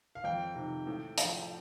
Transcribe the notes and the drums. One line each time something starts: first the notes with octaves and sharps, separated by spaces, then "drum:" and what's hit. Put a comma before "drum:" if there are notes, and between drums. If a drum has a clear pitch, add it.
F5
F2 G5
C3 D#3
A2
F3, drum: hi-hat